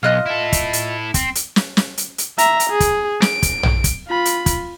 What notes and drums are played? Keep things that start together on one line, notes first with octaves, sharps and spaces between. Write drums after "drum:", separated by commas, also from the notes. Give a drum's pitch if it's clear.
B1 F4 D#5 F#6
E4 A4
drum: kick, hi-hat
drum: hi-hat
C4, drum: kick, hi-hat
drum: hi-hat
drum: snare
drum: snare
drum: hi-hat
drum: hi-hat
E5 A#5, drum: hi-hat
drum: hi-hat
G#4
drum: kick, hi-hat
D7, drum: snare
drum: kick, hi-hat
drum: tom A#1
drum: kick, hi-hat
F4 B5
drum: hi-hat
drum: kick, hi-hat